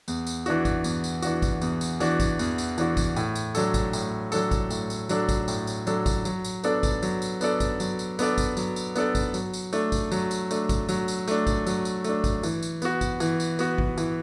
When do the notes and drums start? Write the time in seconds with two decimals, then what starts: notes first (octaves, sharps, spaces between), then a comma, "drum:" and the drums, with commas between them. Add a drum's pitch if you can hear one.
0.08 E2, drum: tambourine
0.26 drum: tambourine
0.46 E3 D4 F#4, drum: tambourine
0.65 drum: kick G#1, tambourine
0.84 E2, drum: tambourine
1.04 drum: tambourine
1.22 E3 D4 F#4, drum: tambourine
1.42 drum: kick G#1, tambourine
1.61 E2, drum: tambourine
1.81 drum: tambourine
2.00 E3 D4 F#4, drum: tambourine
2.20 drum: kick G#1, tambourine
2.39 E2, drum: tambourine
2.58 drum: tambourine
2.78 E3 D4 F#4, drum: tambourine
2.97 drum: kick G#1, tambourine
3.16 A2, drum: tambourine
3.35 drum: tambourine
3.55 F#3 D4 A4, drum: tambourine
3.74 drum: kick G#1, tambourine
3.93 A2, drum: tambourine
4.32 F#3 D4 A4, drum: tambourine
4.51 drum: kick G#1, tambourine
4.70 A2, drum: tambourine
4.90 drum: tambourine
5.09 F#3 D4 A4, drum: tambourine
5.29 drum: kick G#1, tambourine
5.48 A2, drum: tambourine
5.67 drum: tambourine
5.87 F#3 D4 A4, drum: tambourine
6.06 drum: kick G#1, tambourine
6.25 F#3, drum: tambourine
6.44 drum: tambourine
6.64 B3 D4 A4 D5, drum: tambourine
6.83 drum: kick G#1, tambourine
7.03 F#3, drum: tambourine
7.22 drum: tambourine
7.41 B3 D4 A4 D5, drum: tambourine
7.60 drum: kick G#1, tambourine
7.80 F#3, drum: tambourine
7.99 drum: tambourine
8.19 B3 D4 A4 D5, drum: tambourine
8.38 drum: kick G#1, tambourine
8.57 F#3, drum: tambourine
8.76 drum: tambourine
8.96 B3 D4 A4 D5, drum: tambourine
9.15 drum: kick G#1, tambourine
9.34 F#3, drum: tambourine
9.53 drum: tambourine
9.73 A3 D4, drum: tambourine
9.92 drum: kick G#1, tambourine
10.12 F#3, drum: tambourine
10.31 drum: tambourine
10.51 A3 D4, drum: tambourine
10.69 drum: kick G#1, tambourine
10.89 F#3, drum: tambourine
11.08 drum: tambourine
11.28 A3 D4, drum: tambourine
11.47 drum: kick G#1, tambourine
11.66 F#3, drum: tambourine
11.85 drum: tambourine
12.04 A3 D4, drum: tambourine
12.24 drum: kick G#1, tambourine
12.43 E3, drum: tambourine
12.62 drum: tambourine
12.82 B3 F#4, drum: tambourine
13.01 drum: kick G#1, tambourine
13.20 E3, drum: tambourine
13.40 drum: tambourine
13.59 B3 F#4, drum: tambourine
13.78 drum: kick G#1
13.98 E3, drum: tambourine